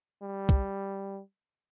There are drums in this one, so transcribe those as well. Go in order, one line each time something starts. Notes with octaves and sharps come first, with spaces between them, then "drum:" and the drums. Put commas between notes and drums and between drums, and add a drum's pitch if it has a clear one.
G3
drum: kick